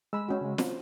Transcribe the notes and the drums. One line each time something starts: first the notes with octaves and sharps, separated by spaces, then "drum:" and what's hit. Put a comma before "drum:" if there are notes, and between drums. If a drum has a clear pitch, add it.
G#3 B5 E6
C#4 F#4
C#3 G#3
C5, drum: snare